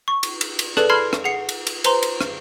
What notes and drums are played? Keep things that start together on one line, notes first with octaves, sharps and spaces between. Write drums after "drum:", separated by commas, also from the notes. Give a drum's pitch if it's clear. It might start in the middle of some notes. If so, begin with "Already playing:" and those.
C#6
drum: cymbal
drum: cymbal
drum: cymbal
G#4 A4 B4 D5 A5 F#6, drum: rim click
A5 B5 C6 F6 G#6 C7
drum: rim click
G#4 F#5 C7 C#7
drum: cymbal
drum: cymbal
B4 C5 A#5 C6, drum: cymbal
drum: cymbal
drum: rim click